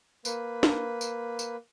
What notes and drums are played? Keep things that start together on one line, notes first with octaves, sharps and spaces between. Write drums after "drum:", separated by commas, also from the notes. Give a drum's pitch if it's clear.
A#3 B4, drum: tambourine
drum: snare
drum: tambourine
drum: tambourine